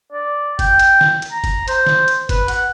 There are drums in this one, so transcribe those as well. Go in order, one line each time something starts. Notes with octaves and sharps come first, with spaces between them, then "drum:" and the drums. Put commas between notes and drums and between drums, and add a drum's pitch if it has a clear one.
D5
G5, drum: kick G1, hi-hat
drum: hi-hat
drum: snare
drum: hi-hat
A#5
drum: kick G1, hi-hat
C5, drum: hi-hat
drum: snare
drum: hi-hat
B4, drum: kick G1, hi-hat
F#5, drum: hi-hat